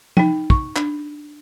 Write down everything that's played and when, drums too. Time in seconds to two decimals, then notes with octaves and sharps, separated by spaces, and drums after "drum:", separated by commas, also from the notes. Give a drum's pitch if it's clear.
0.17 D#4 G5, drum: tom
0.50 C#6, drum: kick
0.76 D4, drum: clap